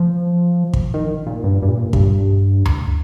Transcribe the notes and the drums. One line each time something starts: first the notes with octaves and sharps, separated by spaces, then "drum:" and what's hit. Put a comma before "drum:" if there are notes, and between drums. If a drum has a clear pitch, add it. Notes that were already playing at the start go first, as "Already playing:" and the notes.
Already playing: F3
drum: kick
D#3
A#2
G2
G2
A#2
G2, drum: kick
drum: tom D2